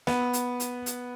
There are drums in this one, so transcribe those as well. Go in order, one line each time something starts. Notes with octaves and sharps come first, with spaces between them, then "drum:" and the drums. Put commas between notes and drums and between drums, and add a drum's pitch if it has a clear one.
B3, drum: snare
drum: hi-hat
drum: hi-hat
drum: hi-hat